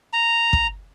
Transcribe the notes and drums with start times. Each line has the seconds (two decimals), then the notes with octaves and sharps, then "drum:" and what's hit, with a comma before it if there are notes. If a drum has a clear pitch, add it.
0.13 A#5
0.53 drum: kick